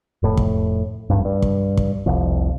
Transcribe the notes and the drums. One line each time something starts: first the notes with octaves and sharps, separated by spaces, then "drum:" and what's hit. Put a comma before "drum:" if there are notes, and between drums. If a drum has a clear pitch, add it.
F1 A2
drum: kick
D1 A1 G2
G2
drum: kick
drum: kick
F1 C2 F2